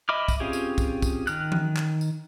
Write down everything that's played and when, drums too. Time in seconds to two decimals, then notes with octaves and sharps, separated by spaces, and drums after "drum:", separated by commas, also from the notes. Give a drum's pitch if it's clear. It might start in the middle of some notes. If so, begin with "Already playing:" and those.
0.09 D#5 E5 B5 D6 F6
0.28 drum: kick, tambourine
0.40 C4 C#4 F4 G4 G#4
0.53 drum: tambourine
0.78 drum: kick, tambourine
1.02 drum: kick, tambourine
1.27 D#3 F6 F#6, drum: tambourine
1.52 drum: tom E3
1.76 drum: clap
2.01 drum: tambourine